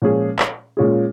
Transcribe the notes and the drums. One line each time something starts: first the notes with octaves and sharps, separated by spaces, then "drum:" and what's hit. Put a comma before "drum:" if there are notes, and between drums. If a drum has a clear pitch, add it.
A#2 F3 G#3 C#4 G#4
drum: clap
A#2 G#3 C#4 F4 G#4